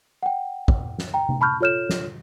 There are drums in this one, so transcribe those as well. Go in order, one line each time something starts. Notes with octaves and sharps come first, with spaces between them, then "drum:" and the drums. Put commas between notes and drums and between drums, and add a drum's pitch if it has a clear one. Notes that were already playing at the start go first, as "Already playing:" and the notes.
F#5 G5
drum: kick
drum: snare
G5 A#5
drum: tom C3
A5 B5 C#6 F6 G6
F4 A4 C#5 F6 G6 E7
drum: snare